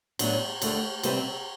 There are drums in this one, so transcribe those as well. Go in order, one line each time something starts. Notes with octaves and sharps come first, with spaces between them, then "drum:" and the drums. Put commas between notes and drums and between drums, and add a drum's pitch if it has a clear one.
A2 F#3 B3 D4, drum: cymbal
D2 D3 A3, drum: cymbal
C3 G3 C4 G4 B4, drum: cymbal